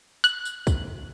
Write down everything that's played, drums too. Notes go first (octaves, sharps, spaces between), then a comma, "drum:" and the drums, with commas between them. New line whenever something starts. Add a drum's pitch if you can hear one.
F#6, drum: tambourine
drum: tambourine
drum: kick, tambourine